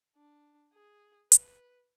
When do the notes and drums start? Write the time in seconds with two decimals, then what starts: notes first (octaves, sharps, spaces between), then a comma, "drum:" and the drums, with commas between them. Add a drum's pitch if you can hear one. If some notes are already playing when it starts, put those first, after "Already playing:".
0.16 D4
0.74 G#4
1.32 B4, drum: hi-hat